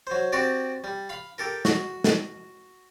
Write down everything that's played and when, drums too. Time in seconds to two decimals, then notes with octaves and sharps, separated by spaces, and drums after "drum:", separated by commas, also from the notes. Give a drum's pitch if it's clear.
0.07 F#3 C5
0.32 C4 F#4 G4 D5
0.84 G3
1.09 F5 B5
1.38 G4 A4 A#4
1.65 F#4, drum: snare
2.04 drum: snare